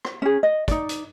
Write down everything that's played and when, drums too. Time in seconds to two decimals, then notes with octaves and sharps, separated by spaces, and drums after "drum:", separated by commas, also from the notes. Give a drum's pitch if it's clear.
0.05 drum: rim click
0.22 C#4 G#4
0.43 D#5
0.68 D#4 D5, drum: kick, hi-hat
0.89 drum: hi-hat